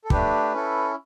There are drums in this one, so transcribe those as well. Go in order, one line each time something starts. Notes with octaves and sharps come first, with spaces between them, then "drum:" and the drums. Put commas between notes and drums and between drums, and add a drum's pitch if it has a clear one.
A4
A3 D4 G4 B4, drum: kick
C#4 E4 A4